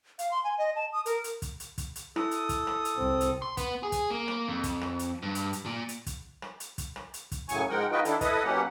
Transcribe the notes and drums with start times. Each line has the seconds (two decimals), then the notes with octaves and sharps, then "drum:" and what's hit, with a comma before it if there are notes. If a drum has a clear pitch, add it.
0.19 F5, drum: hi-hat
0.31 C6
0.44 G#5
0.58 D#5
0.75 A5
0.93 D#6
1.06 A#4, drum: hi-hat
1.24 drum: hi-hat
1.42 drum: kick, hi-hat
1.60 drum: hi-hat
1.78 drum: kick, hi-hat
1.96 drum: hi-hat
2.16 E4 A4 D#6, drum: rim click
2.31 drum: hi-hat
2.49 drum: kick, hi-hat
2.67 drum: rim click
2.85 drum: hi-hat
2.97 C2 C4
3.21 drum: hi-hat
3.42 C6
3.57 B3, drum: kick, hi-hat
3.83 G#4
3.92 drum: kick, hi-hat
4.10 A#3
4.28 drum: rim click
4.48 F2
4.64 drum: kick, hi-hat
4.81 drum: rim click
4.99 drum: hi-hat
5.23 G2
5.35 drum: hi-hat
5.53 drum: hi-hat
5.66 A#2
5.89 drum: hi-hat
6.06 drum: kick, hi-hat
6.42 drum: rim click
6.60 drum: hi-hat
6.78 drum: kick, hi-hat
6.96 drum: rim click
7.14 drum: hi-hat
7.32 drum: kick, hi-hat
7.49 F#2 A2 C#3 F#3 G#5 C#6, drum: hi-hat
7.69 G#2 F3 G#3 A#4 F#5 G5
7.92 D#4 F4 F#4 B4 D#5 G5
8.05 D#3 D4 E4 A4, drum: hi-hat
8.21 E4 A4 B4 D#5 D#6, drum: kick, hi-hat
8.44 B2 F#3 A#3 C#4 G4 F#5